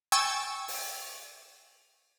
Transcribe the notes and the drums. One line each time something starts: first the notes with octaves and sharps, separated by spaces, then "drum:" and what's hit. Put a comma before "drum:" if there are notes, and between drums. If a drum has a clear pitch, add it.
G5 G#5 C#6 E6 G#6 A6
drum: open hi-hat